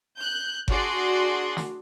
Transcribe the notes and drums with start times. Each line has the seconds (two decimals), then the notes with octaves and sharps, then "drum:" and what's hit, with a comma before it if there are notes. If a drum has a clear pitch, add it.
0.18 F#6 G6
0.68 D4 F#4 G#4 D5 C6, drum: kick G1
1.57 drum: snare